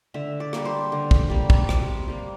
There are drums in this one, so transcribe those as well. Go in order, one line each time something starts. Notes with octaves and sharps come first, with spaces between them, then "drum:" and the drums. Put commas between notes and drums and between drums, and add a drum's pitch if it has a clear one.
D3 E5
D5
G3 A#3, drum: rim click
C5
D3
drum: kick
G3 A#3
drum: kick
C3, drum: rim click
G3 A#3